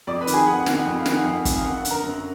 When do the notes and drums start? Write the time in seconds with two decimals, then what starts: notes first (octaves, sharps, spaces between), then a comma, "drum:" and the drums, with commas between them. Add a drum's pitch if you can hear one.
0.07 F2 D5 D6
0.21 B4 B5
0.27 D#3, drum: hi-hat
0.34 G#4 G#5
0.47 F2 F#5
0.60 F#5
0.66 D#3, drum: snare
0.73 F#5
0.86 F2
0.99 F5
1.06 D#3, drum: snare
1.12 F#5
1.25 F2 F#5
1.45 D#3, drum: kick, hi-hat
1.56 F5
1.64 F#2 F#5
1.78 F#5
1.85 D3, drum: hi-hat
1.91 A#4 A#5
2.04 F#2